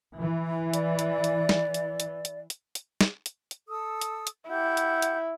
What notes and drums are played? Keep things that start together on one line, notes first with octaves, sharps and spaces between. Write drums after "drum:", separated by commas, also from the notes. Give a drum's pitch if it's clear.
E3
D5, drum: hi-hat
drum: hi-hat
drum: hi-hat
drum: snare
drum: hi-hat
drum: hi-hat
drum: hi-hat
drum: hi-hat
drum: hi-hat
drum: snare
drum: hi-hat
drum: hi-hat
A4 D#6 E6
drum: hi-hat
drum: hi-hat
E4 G4 F#5 G6
drum: hi-hat
drum: hi-hat